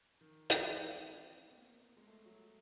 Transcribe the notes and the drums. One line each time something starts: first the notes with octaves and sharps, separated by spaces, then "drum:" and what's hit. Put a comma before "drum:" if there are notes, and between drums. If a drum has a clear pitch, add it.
D#3
E3, drum: hi-hat
F3
G#3
C4
C4
B3
A#3
G#3
A3
F#3